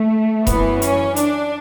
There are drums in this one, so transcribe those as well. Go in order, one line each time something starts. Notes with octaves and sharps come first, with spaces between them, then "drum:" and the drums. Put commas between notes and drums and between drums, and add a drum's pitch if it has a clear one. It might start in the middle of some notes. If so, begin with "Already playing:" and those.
Already playing: A3
F#2 E3 B3, drum: kick E1, hi-hat
C#4, drum: hi-hat
D4, drum: hi-hat